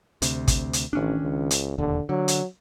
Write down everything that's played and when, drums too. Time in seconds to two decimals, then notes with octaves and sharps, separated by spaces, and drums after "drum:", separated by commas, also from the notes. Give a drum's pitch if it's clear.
0.22 D2 C3, drum: hi-hat
0.48 drum: kick, hi-hat
0.73 drum: hi-hat
0.93 A1 D#3 C#4 D4
1.21 C#2
1.51 drum: hi-hat
1.78 E1 D#2 D3
2.09 D3 F#3
2.28 drum: hi-hat